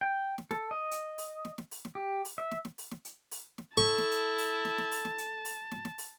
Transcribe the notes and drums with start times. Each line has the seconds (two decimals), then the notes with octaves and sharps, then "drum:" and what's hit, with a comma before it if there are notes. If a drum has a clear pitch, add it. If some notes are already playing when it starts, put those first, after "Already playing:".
0.01 G5
0.38 drum: snare
0.51 A4, drum: snare
0.71 D#5
0.91 drum: hi-hat
1.18 drum: open hi-hat
1.45 drum: snare
1.58 drum: snare
1.71 drum: open hi-hat
1.85 drum: snare
1.95 G4
2.25 drum: open hi-hat
2.38 E5
2.51 drum: snare
2.65 drum: snare
2.78 drum: open hi-hat
2.91 drum: snare
3.05 drum: hi-hat
3.31 drum: open hi-hat
3.58 drum: snare
3.77 E4 A4 A5 C#6
3.98 drum: snare
4.11 drum: hi-hat
4.38 drum: open hi-hat
4.65 drum: snare
4.78 drum: snare
4.91 drum: open hi-hat
5.05 drum: snare
5.18 drum: hi-hat
5.45 drum: open hi-hat
5.71 drum: snare
5.85 drum: snare
5.98 drum: open hi-hat